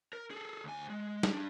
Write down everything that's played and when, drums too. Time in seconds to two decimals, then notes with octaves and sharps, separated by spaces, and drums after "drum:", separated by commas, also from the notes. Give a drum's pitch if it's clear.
0.13 A#4
0.31 G#4 A4
0.64 D2 G#5
0.90 G#3
1.23 drum: snare
1.33 D4 G4